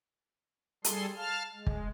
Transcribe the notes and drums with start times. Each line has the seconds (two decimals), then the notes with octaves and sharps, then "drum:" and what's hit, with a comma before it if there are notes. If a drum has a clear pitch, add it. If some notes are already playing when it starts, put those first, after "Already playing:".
0.84 G3 G#4 A4 C6, drum: hi-hat
1.16 F5 A5 F6
1.53 G#3
1.67 drum: kick